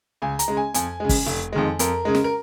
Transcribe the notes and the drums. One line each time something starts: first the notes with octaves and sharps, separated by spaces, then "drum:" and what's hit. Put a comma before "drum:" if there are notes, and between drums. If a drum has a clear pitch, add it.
C#2 G#5
A#5, drum: hi-hat
C#3 G#3
G#5
F2 G#5, drum: hi-hat
C#3 G#3
drum: kick, open hi-hat
F1
F2 D#3 G#3
F2 A#4, drum: hi-hat
C#3 G#3
drum: snare
A#4